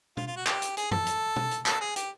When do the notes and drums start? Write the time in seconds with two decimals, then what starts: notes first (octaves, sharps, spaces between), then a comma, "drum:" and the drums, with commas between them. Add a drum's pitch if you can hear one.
0.17 F4, drum: tom
0.27 F4
0.37 F#4
0.47 G4, drum: clap
0.62 drum: hi-hat
0.77 G#4, drum: hi-hat
0.91 A4, drum: tom F#2
1.06 drum: hi-hat
1.36 drum: tom
1.51 drum: hi-hat
1.66 A4, drum: clap
1.81 G#4
1.96 G4, drum: hi-hat